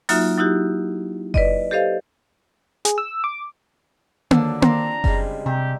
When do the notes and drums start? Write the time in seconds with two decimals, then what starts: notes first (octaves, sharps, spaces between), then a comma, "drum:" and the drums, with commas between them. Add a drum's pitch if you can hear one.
0.09 F#3 A#3 D#4 F4 F#4 E5, drum: open hi-hat
0.38 F#3 D#4 E4 F#4 G4
1.34 B4 D5 D#5, drum: kick F#1
1.71 G4 A4 C5 D#5 F5
2.85 G#4, drum: hi-hat
2.98 E6
3.24 D6
4.31 D3 F3 F#3 A5 E6, drum: tom A#3
4.62 C4 D4 A#5 C6, drum: tom A#3
5.04 C#3 G3 G#3, drum: kick F#1
5.46 C3 G4 E5 A#5